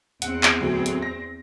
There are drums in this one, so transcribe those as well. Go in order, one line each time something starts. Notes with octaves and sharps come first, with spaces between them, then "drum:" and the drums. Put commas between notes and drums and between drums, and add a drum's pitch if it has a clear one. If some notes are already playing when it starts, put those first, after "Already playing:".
E2 C4 F#5, drum: hi-hat
drum: clap
D2 A2 F#3
drum: hi-hat
A#6